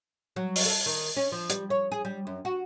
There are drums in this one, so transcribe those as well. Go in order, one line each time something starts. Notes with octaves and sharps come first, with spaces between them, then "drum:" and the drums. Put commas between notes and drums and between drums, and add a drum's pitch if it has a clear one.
F#3
drum: open hi-hat
A4
D#3
C#4
F3
G3, drum: hi-hat
C#5
G#4
G3
F#2
F#4